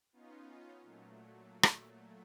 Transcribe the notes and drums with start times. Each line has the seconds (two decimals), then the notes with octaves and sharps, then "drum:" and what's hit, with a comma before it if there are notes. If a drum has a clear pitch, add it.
0.13 B3 C#4 D#4 F4
0.82 A#2 F#3 A3
1.63 drum: rim click